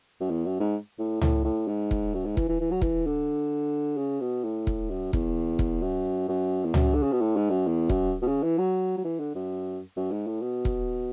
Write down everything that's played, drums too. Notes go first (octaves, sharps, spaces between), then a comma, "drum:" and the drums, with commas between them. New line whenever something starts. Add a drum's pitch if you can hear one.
F#2
E2
F#2
G#2
A2
A2, drum: tom C#2
A2
G#2
drum: kick E1
F#2
G#2
E3, drum: kick E1
E3
E3
F#3
E3, drum: kick E1
D3
C#3
B2
A2
drum: kick E1
F#2
E2, drum: kick E1
drum: kick E1
F#2
F#2
E2
F#2, drum: tom C#2
D3
C#3
B2
A2
G#2
F#2
E2
F#2, drum: kick E1
B2
C#3
E3
F#3
F#3
E3
D3
F#2
F#2
G#2
A2
B2
drum: kick E1